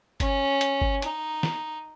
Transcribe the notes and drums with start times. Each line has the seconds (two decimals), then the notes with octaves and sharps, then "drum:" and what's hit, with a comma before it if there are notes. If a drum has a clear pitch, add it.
0.20 C#4, drum: kick G1, hi-hat
0.61 drum: hi-hat
0.82 drum: kick G1
1.02 D#4, drum: hi-hat
1.43 drum: snare